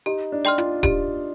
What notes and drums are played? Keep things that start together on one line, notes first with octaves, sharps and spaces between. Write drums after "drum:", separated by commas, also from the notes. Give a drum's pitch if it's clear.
D#4 G4
D4
D5 G5 C6 F6
F4, drum: hi-hat
D4 G4, drum: kick D#1, hi-hat